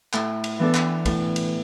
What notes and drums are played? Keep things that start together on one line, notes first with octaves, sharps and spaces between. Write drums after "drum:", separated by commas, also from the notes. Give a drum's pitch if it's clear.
A2, drum: clap
drum: cymbal
E3 B3 D4 A4
drum: clap
A2, drum: kick, cymbal
drum: cymbal